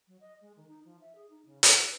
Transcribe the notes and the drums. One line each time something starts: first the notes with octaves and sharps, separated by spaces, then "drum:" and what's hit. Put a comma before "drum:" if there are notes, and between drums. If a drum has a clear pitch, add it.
F#3
D#5
G#3
D#3
D#4
F3
E5
G#4
D#4
C#3
F#5, drum: hi-hat
B4